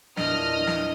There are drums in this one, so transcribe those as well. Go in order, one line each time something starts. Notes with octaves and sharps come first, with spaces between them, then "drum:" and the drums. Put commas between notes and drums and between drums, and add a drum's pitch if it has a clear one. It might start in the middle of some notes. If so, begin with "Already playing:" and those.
E2 A#2 D4 D#5 D#6 F6, drum: snare
drum: snare